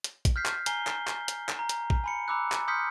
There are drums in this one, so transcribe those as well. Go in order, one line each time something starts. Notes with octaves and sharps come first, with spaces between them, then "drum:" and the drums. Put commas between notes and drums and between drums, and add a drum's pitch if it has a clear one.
drum: hi-hat
drum: kick A1, hi-hat
F6 G6 B6 C7
drum: clap
G#5 A#5 C7 G7, drum: hi-hat
drum: clap
drum: clap
drum: hi-hat
drum: clap
A#5
drum: hi-hat
drum: kick A1
G#5 B5 C#7
A#5 B5 D6 E6 F#6
drum: clap
C6 D#6 F6 G6 B6 C#7